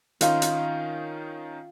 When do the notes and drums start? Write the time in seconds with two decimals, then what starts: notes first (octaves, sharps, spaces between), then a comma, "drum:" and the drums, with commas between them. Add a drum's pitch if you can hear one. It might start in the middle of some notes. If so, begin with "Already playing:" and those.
0.21 D#3 C#4 D#4 F4 F5, drum: hi-hat
0.42 drum: hi-hat